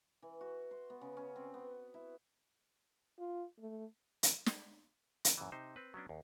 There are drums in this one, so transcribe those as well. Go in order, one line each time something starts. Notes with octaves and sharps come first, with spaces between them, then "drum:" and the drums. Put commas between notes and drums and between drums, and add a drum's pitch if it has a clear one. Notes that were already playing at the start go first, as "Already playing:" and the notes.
E3
F#4
C6
B3
C#3
C#4
C4
B3
E4
F4
A3
drum: hi-hat
drum: snare
drum: hi-hat
F#2 A#2 C#3 E3
C3 D#4 C5
C4 B4
F#3 B3 C#4 D4
D#2